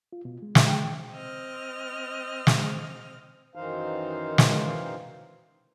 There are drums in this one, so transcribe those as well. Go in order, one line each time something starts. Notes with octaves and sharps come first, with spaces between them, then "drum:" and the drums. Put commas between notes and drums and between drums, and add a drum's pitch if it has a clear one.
F4
B2
G#3
E5, drum: snare
G5
C4 D#5 F6
drum: snare
F#2 D#3 E3 D#4 C5 F5
drum: snare